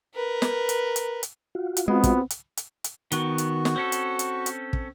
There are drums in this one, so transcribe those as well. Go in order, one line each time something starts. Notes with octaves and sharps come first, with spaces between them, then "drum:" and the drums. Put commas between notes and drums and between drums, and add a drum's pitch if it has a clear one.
A#4 B4
drum: snare
drum: hi-hat
drum: hi-hat
drum: hi-hat
F4 F#4
drum: hi-hat
G#3 B3 C4
drum: kick, hi-hat
drum: hi-hat
drum: hi-hat
drum: hi-hat
D#3 B3 F#4, drum: hi-hat
drum: hi-hat
drum: snare
C4 C#4 A4
drum: hi-hat
drum: hi-hat
drum: hi-hat
drum: kick